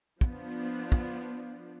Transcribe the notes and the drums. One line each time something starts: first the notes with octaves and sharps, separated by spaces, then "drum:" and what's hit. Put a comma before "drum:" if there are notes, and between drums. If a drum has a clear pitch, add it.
F3 B3 D4, drum: kick
drum: kick